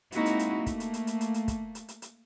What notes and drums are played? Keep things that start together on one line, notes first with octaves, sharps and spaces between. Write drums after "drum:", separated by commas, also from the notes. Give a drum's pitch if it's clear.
G#3 A#3 C4 D#4 E4 F#4, drum: hi-hat
drum: hi-hat
drum: hi-hat
A3 A#3
drum: kick, hi-hat
drum: hi-hat
drum: hi-hat
drum: hi-hat
drum: hi-hat
drum: hi-hat
drum: kick, hi-hat
drum: hi-hat
drum: hi-hat
drum: hi-hat